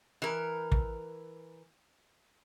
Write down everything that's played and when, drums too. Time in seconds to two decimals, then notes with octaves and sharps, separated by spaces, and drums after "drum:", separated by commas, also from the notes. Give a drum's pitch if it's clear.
0.22 E3 A#4
0.72 drum: kick